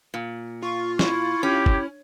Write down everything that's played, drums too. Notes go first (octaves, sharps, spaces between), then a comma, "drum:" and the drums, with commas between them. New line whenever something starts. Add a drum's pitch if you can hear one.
A#2
F4 C#6
E4 C#6, drum: snare
C#4 G4
drum: kick